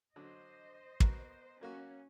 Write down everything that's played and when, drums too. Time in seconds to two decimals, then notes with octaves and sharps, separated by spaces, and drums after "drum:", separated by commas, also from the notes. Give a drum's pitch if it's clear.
0.16 D3 F#3 C5 D#5
1.00 B3 F#4 A#4, drum: kick
1.61 F#3 A#3 C#4 F#4